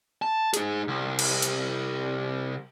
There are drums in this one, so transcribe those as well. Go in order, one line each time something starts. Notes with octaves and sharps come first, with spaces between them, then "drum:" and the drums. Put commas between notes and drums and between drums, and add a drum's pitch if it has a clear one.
A5
D#4 G#4, drum: hi-hat
C2
drum: cymbal
drum: hi-hat